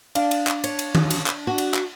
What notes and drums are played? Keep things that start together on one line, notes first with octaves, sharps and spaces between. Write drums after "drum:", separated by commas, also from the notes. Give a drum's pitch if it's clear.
D4 F5, drum: cymbal
drum: cymbal
drum: clap
C#5, drum: cymbal
drum: cymbal
drum: tom D#3
drum: cymbal
drum: clap
F#4
drum: cymbal
drum: clap